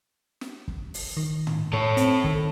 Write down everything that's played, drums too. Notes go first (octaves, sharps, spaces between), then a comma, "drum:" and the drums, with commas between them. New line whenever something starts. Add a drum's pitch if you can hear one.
drum: snare
drum: kick
drum: open hi-hat
D#3
drum: tom
A2 A4 C#5
C4, drum: hi-hat
D#3, drum: kick